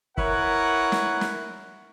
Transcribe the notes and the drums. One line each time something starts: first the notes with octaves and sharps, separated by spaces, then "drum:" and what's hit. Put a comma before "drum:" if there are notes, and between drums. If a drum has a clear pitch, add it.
E4 A#4 B4 C#5 F#5, drum: kick
drum: snare
drum: snare